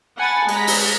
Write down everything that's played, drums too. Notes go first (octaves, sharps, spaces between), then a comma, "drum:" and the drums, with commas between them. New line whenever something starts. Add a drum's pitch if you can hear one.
F#5 G#5 A5 B5 A6
G#3 A#5 B6, drum: cymbal
drum: open hi-hat